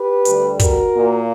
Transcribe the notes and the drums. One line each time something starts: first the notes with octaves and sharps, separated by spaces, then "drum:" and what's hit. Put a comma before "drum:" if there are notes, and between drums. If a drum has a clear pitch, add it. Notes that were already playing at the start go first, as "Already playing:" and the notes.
Already playing: G4 B4
D2 D3 G3, drum: hi-hat
F#4 A#4, drum: kick, hi-hat
A#2 A#3